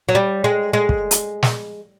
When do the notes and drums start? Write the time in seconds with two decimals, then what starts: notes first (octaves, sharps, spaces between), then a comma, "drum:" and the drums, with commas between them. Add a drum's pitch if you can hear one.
0.09 F#3
0.15 G3
0.44 G#3
0.73 G#3
0.89 drum: kick
1.11 drum: hi-hat
1.43 drum: snare